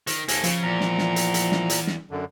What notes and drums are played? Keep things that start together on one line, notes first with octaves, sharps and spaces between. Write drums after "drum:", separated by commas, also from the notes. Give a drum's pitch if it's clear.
D#3, drum: hi-hat
D#2 A#3 A4 G#5, drum: hi-hat
C#3 F3, drum: hi-hat
E2 A#2 A#5
drum: snare
drum: snare
drum: hi-hat
drum: hi-hat
drum: snare
drum: hi-hat
drum: snare
F#2 D3